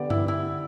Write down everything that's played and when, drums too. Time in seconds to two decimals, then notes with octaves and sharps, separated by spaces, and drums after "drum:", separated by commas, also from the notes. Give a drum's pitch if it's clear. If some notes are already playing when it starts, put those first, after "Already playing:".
Already playing: D3 B3 G4 B4 D5
0.10 E4, drum: tom G2
0.28 E4